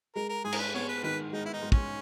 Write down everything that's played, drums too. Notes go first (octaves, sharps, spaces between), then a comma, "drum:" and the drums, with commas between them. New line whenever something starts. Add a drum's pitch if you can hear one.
G#3 A#4
A#4
G#2 G#4
A#4, drum: cymbal
B4
B3 C#5
B4
D#3 B4
G#3 D#4
E4
D#4
G#2
C#4, drum: kick